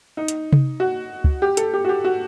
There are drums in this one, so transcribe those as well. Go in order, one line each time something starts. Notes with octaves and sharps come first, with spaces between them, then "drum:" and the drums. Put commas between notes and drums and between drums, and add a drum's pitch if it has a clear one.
D#4
drum: hi-hat
drum: tom C3
F#4
drum: kick
G4
A4, drum: hi-hat
G4
F#4
G4
F#4